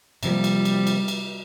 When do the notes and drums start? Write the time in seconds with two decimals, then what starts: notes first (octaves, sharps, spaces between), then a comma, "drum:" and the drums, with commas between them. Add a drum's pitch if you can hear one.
0.23 C3 F3 G3 A#3, drum: cymbal
0.44 drum: cymbal
0.65 drum: cymbal
0.87 drum: cymbal
1.08 drum: cymbal